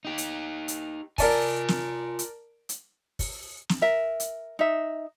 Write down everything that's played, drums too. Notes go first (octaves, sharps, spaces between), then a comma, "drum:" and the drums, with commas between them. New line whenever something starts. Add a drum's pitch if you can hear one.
D#4 G4
drum: hi-hat
drum: hi-hat
F4 A#4 D5 G#5 A5, drum: kick, open hi-hat
drum: snare
drum: hi-hat
drum: hi-hat
drum: kick, open hi-hat
drum: snare
A#4 E5
drum: hi-hat
D#4 E5